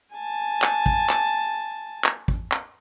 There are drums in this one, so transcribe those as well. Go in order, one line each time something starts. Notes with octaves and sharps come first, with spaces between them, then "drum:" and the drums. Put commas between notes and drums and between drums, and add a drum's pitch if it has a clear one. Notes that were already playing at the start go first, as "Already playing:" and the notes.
G#5 A5
drum: clap
drum: kick
drum: clap
drum: clap
drum: kick
drum: clap